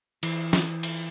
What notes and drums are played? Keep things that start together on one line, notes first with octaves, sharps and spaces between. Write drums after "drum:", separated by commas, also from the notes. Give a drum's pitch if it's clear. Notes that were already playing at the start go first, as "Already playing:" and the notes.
E3, drum: cymbal
drum: snare
drum: cymbal